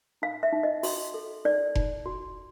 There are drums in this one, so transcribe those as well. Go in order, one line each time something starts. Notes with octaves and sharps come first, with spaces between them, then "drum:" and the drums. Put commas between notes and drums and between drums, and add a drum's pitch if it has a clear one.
D#4 F5
E5
D#4
D#5
F#4, drum: open hi-hat
A4
D#4 D5
D#4, drum: kick F1
F#4